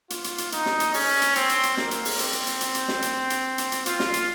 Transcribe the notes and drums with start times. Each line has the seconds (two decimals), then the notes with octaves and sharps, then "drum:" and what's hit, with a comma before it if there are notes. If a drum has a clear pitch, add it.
0.10 F4, drum: hi-hat
0.24 drum: hi-hat
0.38 drum: hi-hat
0.52 D#4, drum: hi-hat
0.66 drum: snare
0.80 drum: hi-hat
0.94 C#4, drum: open hi-hat
1.22 drum: hi-hat
1.36 C4, drum: hi-hat
1.49 drum: hi-hat
1.63 drum: hi-hat
1.77 A#3, drum: snare
1.91 drum: hi-hat
2.05 drum: open hi-hat
2.19 C4, drum: hi-hat
2.33 drum: hi-hat
2.47 drum: hi-hat
2.61 drum: hi-hat
2.75 drum: hi-hat
2.88 drum: snare
3.02 drum: hi-hat
3.30 drum: hi-hat
3.58 drum: hi-hat
3.72 drum: hi-hat
3.86 F4, drum: hi-hat
4.00 drum: snare
4.14 drum: hi-hat